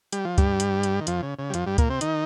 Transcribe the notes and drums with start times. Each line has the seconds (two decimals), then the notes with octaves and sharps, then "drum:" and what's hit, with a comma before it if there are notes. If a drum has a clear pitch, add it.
0.13 G3, drum: hi-hat
0.25 F3
0.38 G2 G3, drum: kick, hi-hat
0.60 drum: hi-hat
0.83 drum: hi-hat
1.01 D#3
1.07 F2 F3, drum: hi-hat
1.23 C#3
1.38 C#3
1.50 G3
1.54 F2 F3, drum: hi-hat
1.66 G2 G3
1.78 A#2 A#3, drum: kick, hi-hat
1.89 C3 C4
2.01 D#3 D#4, drum: hi-hat